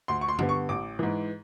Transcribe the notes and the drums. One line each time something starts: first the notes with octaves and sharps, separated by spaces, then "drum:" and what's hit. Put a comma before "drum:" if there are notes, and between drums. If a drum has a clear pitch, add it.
D2 C6
C#6
C6
D3 G3 B3, drum: tom G2
C#6
A1 D6
G#2 E3